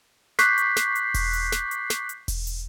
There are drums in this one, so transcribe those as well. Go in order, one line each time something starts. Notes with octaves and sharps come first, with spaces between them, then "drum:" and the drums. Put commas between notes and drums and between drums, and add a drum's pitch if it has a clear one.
C#6 D6 F#6 G6 B6 C7, drum: snare
drum: hi-hat
drum: snare
drum: hi-hat
drum: kick E1, open hi-hat
drum: hi-hat
drum: snare
drum: hi-hat
drum: snare
drum: hi-hat
drum: kick E1, open hi-hat
drum: hi-hat